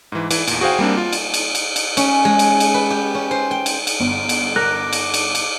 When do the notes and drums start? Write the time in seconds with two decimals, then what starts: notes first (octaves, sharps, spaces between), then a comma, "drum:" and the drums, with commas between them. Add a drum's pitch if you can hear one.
0.12 G#2 E3
0.31 E3, drum: cymbal
0.47 E2 A#2, drum: cymbal
0.61 F#4 G#4 C5 F5 G5
0.79 G3 A#3 C4 D4
0.97 F4
1.13 drum: cymbal
1.34 drum: cymbal
1.55 drum: cymbal
1.76 drum: cymbal
1.97 C#4, drum: cymbal
2.25 G#3
2.39 drum: cymbal
2.60 drum: cymbal
2.74 B4
2.90 G4
3.15 C#4
3.31 C5
3.51 G5
3.66 drum: cymbal
3.87 drum: cymbal
4.00 G1 D7
4.29 drum: cymbal
4.56 A#4 D6 F#6
4.93 drum: cymbal
5.14 drum: cymbal
5.35 drum: cymbal